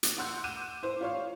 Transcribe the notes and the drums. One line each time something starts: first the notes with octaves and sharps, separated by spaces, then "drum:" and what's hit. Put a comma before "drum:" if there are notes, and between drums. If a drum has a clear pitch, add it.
drum: hi-hat
F#5 C6 E6 F#6 G6
D6 F#6 G6 D#7 E7
E4 C5 D6
F4 C#5 F5